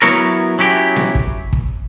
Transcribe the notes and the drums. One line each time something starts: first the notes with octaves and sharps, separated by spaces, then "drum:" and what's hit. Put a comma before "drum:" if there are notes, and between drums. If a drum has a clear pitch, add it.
F#3 B3 E4 A#4 C#5
F#3 C#4 E4 G4
drum: snare B3
drum: kick
drum: kick